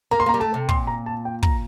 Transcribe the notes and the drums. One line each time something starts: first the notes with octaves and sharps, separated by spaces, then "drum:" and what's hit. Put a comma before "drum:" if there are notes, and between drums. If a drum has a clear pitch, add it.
A#3 A#5
C6
A#3 A#5
G3
A3 A5
C3
A#2 C6, drum: kick
A#5
A5
G5
A#5, drum: kick